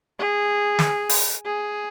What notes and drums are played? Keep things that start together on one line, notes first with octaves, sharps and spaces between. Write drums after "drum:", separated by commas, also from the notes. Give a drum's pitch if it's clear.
G#4
drum: snare
drum: open hi-hat
G#4